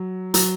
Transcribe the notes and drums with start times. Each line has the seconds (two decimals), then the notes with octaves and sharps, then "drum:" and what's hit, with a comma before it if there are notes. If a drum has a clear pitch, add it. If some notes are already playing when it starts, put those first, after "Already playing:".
Already playing: F#3
0.34 F#3, drum: hi-hat